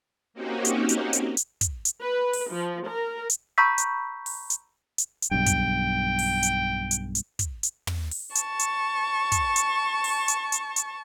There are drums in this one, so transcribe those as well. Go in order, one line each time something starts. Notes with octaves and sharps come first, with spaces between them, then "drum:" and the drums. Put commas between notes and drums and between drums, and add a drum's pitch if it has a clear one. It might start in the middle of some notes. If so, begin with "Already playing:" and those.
A#3 C4 C#4 D#4 F#4 G4
drum: hi-hat
drum: hi-hat
drum: hi-hat
drum: hi-hat
drum: kick, hi-hat
drum: hi-hat
B4
drum: open hi-hat
F3
A#4
drum: hi-hat
A#5 B5 C#6 E6 G6 B6
drum: hi-hat
drum: open hi-hat
drum: hi-hat
drum: hi-hat
drum: hi-hat
B1 G2 G5
drum: kick, hi-hat
drum: open hi-hat
drum: hi-hat
drum: hi-hat
drum: hi-hat
drum: kick, hi-hat
drum: hi-hat
drum: tom
drum: open hi-hat
A5 C#6, drum: hi-hat
drum: hi-hat
drum: kick, hi-hat
drum: hi-hat
drum: open hi-hat
drum: hi-hat
drum: hi-hat
drum: hi-hat